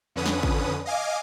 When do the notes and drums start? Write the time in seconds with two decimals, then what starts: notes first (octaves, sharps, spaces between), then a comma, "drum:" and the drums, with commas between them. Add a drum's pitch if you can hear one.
0.16 F2 D3 C#4 B4 D#6
0.26 drum: snare
0.43 drum: kick
0.86 D#5 F5 G#5 D6